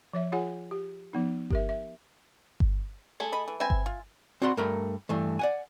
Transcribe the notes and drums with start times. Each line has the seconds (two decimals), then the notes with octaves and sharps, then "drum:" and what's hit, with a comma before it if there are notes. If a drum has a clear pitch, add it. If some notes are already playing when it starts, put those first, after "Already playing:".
0.13 F3 C#5 E5
0.32 F4 G#4 C#5 F#5 G#5
0.71 G4
1.13 F3 B3 D#4
1.50 G4 A#4 E5, drum: kick G1
1.69 E5
2.60 drum: kick G1
3.20 A3 E4 G#4
3.32 D#5 B5
3.48 E3
3.60 C4 B4 E5 G#5
3.70 drum: kick G1
3.86 F4
4.42 C4 F#4 D5 F#5 B5 C6
4.57 G2 A3 A#4 A#5 B5
5.09 G2 E3 A3
5.39 D5 F#5 G#5